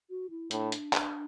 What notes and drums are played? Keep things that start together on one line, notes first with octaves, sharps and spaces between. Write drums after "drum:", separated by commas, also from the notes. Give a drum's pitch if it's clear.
F#4
E4
A2 D4, drum: hi-hat
drum: hi-hat
drum: clap